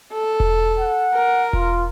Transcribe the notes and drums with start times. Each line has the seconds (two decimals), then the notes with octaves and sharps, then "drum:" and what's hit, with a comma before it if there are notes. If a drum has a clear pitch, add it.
0.13 A4
0.40 drum: kick E1
0.79 F#5
1.14 A#4
1.53 F4, drum: kick E1